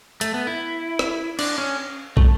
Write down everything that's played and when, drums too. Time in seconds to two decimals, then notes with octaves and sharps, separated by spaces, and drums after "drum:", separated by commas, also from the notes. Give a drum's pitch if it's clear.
0.21 A3, drum: hi-hat
0.34 B3
0.47 E4
0.99 drum: rim click
1.39 D4, drum: cymbal
1.58 C#4
2.17 A3, drum: kick